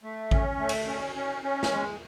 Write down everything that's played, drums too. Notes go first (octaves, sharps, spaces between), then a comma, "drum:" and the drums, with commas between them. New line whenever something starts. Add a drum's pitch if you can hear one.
A3
C#4, drum: kick A1
A3
drum: cymbal
C#4
C#4
C#4
drum: snare
G#3